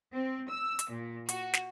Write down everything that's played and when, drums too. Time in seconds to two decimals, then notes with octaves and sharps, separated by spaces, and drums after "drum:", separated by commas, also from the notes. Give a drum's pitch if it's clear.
0.14 C4
0.48 E6
0.79 drum: hi-hat
0.90 A#2
1.29 F#4, drum: hi-hat
1.53 drum: snare